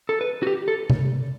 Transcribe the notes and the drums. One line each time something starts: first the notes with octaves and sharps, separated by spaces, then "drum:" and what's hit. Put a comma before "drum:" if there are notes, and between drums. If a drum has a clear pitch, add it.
A4
B4
F#4
G4
A4
drum: tom C3